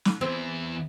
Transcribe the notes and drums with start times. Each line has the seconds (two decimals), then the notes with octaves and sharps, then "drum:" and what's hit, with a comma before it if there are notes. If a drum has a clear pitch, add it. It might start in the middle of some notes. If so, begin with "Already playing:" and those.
0.05 drum: snare
0.21 E2 C4 E4